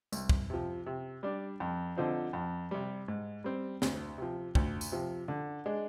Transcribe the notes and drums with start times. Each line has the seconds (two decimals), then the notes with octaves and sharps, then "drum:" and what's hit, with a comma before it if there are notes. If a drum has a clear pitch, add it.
0.12 C2, drum: tambourine
0.29 drum: kick
0.50 C3 F3
0.86 C3
1.23 G3 D4
1.60 F2
1.96 D3 F3 C4 D#4
2.33 F2
2.71 C3 G3
3.08 G#2
3.44 G3 C4
3.82 D2, drum: snare
4.18 C3 F3
4.55 D2, drum: kick
4.81 drum: tambourine
4.92 C3 F3
5.28 D3
5.66 G#3 D4